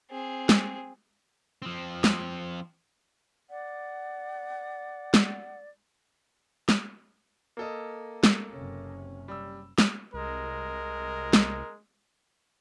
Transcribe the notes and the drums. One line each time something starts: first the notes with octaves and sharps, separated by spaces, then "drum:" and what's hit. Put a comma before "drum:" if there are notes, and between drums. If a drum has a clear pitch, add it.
C4 G#4
drum: snare
F3 C4
drum: snare
D5 F#5
drum: snare
drum: snare
A#3 A4 D#5
drum: snare
F#1 C3 C#4
G3 E6
drum: snare
C2 G#3 A#4
drum: snare